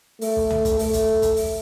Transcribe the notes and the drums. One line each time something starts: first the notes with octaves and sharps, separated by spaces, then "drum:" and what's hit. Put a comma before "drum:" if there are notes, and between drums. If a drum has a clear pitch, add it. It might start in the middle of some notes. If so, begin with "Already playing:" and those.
A3, drum: open hi-hat
drum: kick
drum: tom
drum: kick, hi-hat
A3, drum: open hi-hat
drum: kick, hi-hat
drum: kick, hi-hat
drum: open hi-hat